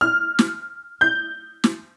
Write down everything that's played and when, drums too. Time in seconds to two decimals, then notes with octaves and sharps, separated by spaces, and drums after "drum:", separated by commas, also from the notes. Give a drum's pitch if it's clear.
0.01 F6
0.39 drum: snare
1.01 G6
1.64 drum: snare